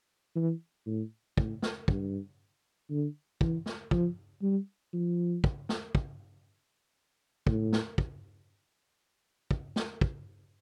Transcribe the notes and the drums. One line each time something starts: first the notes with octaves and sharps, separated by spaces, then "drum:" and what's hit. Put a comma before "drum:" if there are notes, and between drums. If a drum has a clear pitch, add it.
E3
A2
A2, drum: kick
drum: snare
G2, drum: kick
D3
E3, drum: kick
drum: snare
F3, drum: kick
G3
F3
drum: kick
drum: snare
drum: kick
A2, drum: kick
drum: snare
drum: kick
drum: kick
drum: snare
drum: kick